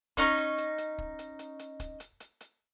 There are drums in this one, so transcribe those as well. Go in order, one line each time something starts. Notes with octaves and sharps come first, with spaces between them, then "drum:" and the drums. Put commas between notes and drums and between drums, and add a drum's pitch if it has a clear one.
C#4 D#4 C#6, drum: kick, hi-hat
drum: hi-hat
drum: hi-hat
drum: hi-hat
drum: kick
drum: hi-hat
drum: hi-hat
drum: hi-hat
drum: kick, hi-hat
drum: hi-hat
drum: hi-hat
drum: hi-hat